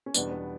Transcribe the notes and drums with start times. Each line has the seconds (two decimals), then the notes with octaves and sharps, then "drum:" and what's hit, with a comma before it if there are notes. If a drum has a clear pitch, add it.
0.06 C#4
0.14 E2 B2 G3 B3 D4, drum: tambourine
0.31 B3